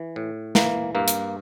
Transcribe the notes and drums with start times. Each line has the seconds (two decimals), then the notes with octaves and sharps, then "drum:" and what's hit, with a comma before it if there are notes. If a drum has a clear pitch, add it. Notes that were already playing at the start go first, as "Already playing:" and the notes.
Already playing: E3
0.16 A2
0.55 E3 A#3, drum: snare
0.95 G2 A#3
1.08 drum: hi-hat